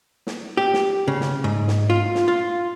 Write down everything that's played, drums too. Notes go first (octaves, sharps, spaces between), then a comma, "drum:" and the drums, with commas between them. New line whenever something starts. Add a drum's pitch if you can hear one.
drum: snare
G4
drum: snare
C#3
drum: snare
G#2
drum: snare
F4
drum: snare
F4